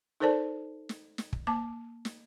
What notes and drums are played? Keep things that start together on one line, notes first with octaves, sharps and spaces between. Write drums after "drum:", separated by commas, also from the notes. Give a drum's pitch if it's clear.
D#4 A4 A#4 C5 D5 A5
drum: snare
drum: snare
drum: kick
A#3 A5 D6
drum: snare